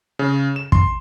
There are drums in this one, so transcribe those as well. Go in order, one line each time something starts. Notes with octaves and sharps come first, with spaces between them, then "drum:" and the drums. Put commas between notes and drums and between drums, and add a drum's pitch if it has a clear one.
C#3
E7
C6, drum: kick